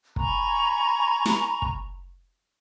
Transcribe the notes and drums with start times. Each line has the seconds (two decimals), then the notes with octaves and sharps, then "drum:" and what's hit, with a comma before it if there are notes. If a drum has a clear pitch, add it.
0.16 G#5 A#5 B5 C#6, drum: kick
1.26 drum: snare
1.62 drum: kick